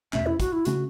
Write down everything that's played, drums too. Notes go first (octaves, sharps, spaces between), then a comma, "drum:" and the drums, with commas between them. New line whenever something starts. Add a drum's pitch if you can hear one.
E2 B2 A3 C#4 E5, drum: clap
E4
F#4, drum: kick, hi-hat
E4
C#3 A3 C#4 F#4, drum: hi-hat